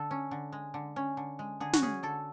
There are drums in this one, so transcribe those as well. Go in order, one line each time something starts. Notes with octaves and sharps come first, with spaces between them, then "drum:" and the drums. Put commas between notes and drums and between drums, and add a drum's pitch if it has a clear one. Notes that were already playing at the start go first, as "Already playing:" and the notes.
Already playing: D3 A4
C#4
D3
G#3
D3
C#4
D3
G#3
D3 G#4
F#4, drum: snare
C#4 G#4
D3 A4